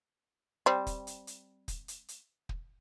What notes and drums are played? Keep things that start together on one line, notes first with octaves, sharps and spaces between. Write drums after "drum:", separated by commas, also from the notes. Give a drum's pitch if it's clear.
G3 C4
drum: kick, hi-hat
drum: hi-hat
drum: hi-hat
drum: kick, hi-hat
drum: hi-hat
drum: hi-hat
drum: kick